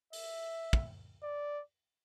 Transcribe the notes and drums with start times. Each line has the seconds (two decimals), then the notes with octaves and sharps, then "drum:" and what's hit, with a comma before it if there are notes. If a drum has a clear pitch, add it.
0.13 E5, drum: open hi-hat
0.73 drum: kick
1.23 D5